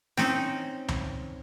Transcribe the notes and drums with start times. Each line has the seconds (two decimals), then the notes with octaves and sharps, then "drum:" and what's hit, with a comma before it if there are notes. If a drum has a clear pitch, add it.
0.17 C4 C#4 D#4, drum: snare
0.88 drum: tom C#2